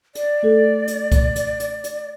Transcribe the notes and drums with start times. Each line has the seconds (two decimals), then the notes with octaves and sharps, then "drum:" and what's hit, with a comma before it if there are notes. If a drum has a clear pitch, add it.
0.15 D5, drum: hi-hat
0.43 A3 A4
0.88 drum: hi-hat
1.12 drum: kick C2, hi-hat
1.36 drum: hi-hat
1.60 drum: hi-hat
1.84 drum: hi-hat